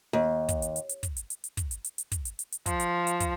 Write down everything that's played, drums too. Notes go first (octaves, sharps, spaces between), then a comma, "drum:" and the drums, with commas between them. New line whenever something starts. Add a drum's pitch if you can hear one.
D#2
drum: kick, hi-hat
drum: hi-hat
drum: hi-hat
drum: hi-hat
drum: kick, hi-hat
drum: hi-hat
drum: hi-hat
drum: hi-hat
drum: kick, hi-hat
drum: hi-hat
drum: hi-hat
drum: hi-hat
drum: kick, hi-hat
drum: hi-hat
drum: hi-hat
drum: hi-hat
F3, drum: kick, hi-hat
drum: hi-hat
drum: hi-hat
drum: kick, hi-hat